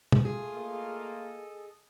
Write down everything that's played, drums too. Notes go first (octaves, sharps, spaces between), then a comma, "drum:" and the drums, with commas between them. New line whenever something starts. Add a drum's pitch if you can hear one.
drum: tom
A3 F4 G#4
A#3 A4 D#5